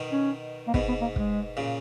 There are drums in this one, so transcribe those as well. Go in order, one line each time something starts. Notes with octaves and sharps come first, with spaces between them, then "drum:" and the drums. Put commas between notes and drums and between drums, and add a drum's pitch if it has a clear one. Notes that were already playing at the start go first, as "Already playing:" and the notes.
Already playing: B2 D#3
C#4
A#3
G#2 B2 B3, drum: kick
B3
A#3
G#3, drum: kick
A#2 C#3